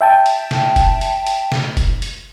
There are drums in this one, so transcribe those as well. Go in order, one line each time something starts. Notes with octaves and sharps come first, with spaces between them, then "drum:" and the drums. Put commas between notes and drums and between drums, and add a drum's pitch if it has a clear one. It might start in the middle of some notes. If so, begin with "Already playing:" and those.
E5 G5 A5
drum: hi-hat
drum: snare
drum: kick, hi-hat
drum: hi-hat
drum: hi-hat
drum: snare
drum: kick, hi-hat
drum: hi-hat